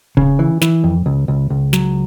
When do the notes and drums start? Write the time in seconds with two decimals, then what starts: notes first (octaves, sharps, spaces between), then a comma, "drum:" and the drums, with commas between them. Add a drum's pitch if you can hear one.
0.17 C#3, drum: kick
0.39 E3
0.62 E3, drum: snare
0.84 F2
1.06 C#2
1.28 C#2
1.50 C#2
1.73 F#3, drum: snare